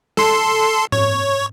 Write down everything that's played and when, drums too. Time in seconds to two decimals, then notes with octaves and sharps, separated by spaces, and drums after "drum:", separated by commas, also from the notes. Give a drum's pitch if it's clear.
0.17 A4 C6, drum: snare
0.92 C#5, drum: tom G#2